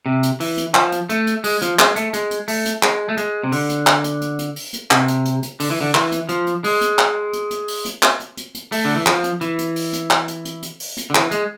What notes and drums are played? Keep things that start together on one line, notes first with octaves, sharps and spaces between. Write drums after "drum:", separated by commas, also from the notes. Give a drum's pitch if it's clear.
C3
drum: hi-hat
E3, drum: open hi-hat
drum: hi-hat
F3, drum: clap
drum: hi-hat
A3, drum: hi-hat
drum: hi-hat
G#3, drum: open hi-hat
F3, drum: hi-hat
G#3, drum: clap
A3, drum: hi-hat
G#3, drum: hi-hat
drum: hi-hat
A3, drum: open hi-hat
drum: hi-hat
G#3, drum: clap
A3
G#3, drum: hi-hat
C3
D3, drum: open hi-hat
drum: hi-hat
drum: clap
drum: hi-hat
drum: hi-hat
drum: hi-hat
drum: open hi-hat
drum: hi-hat
C3, drum: clap
drum: hi-hat
drum: hi-hat
drum: hi-hat
D3, drum: open hi-hat
E3
D3
E3, drum: clap
drum: hi-hat
F3, drum: hi-hat
drum: hi-hat
G#3, drum: open hi-hat
drum: hi-hat
drum: clap
drum: hi-hat
drum: hi-hat
drum: open hi-hat
drum: hi-hat
drum: clap
drum: hi-hat
drum: hi-hat
drum: hi-hat
A3, drum: open hi-hat
D3
E3
F3, drum: clap
drum: hi-hat
E3, drum: hi-hat
drum: hi-hat
drum: open hi-hat
drum: hi-hat
drum: clap
drum: hi-hat
drum: hi-hat
drum: hi-hat
drum: open hi-hat
drum: hi-hat
D3
E3, drum: clap
G#3, drum: hi-hat